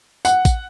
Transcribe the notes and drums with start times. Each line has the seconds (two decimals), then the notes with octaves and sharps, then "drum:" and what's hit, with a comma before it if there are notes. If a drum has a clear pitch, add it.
0.25 F#5, drum: tambourine
0.45 drum: kick, tambourine